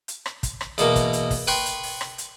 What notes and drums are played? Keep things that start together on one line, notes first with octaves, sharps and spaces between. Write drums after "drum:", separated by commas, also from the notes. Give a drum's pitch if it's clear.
drum: hi-hat
drum: rim click
drum: kick, hi-hat
drum: rim click
E2 B2 A#3, drum: hi-hat
drum: kick, hi-hat
drum: hi-hat
drum: kick, open hi-hat
B4 G5 C6 C#6, drum: open hi-hat
drum: hi-hat
drum: open hi-hat
drum: rim click
drum: hi-hat